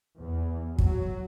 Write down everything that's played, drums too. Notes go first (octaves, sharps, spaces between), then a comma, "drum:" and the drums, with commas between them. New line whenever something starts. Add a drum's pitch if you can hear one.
E2
F#3, drum: kick